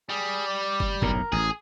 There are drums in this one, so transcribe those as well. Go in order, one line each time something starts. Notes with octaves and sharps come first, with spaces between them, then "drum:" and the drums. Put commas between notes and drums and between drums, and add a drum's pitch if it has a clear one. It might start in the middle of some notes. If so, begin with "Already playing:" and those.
G3 G#4
D5
drum: kick
B1 F#2 A2 A#4, drum: kick
A1 G#4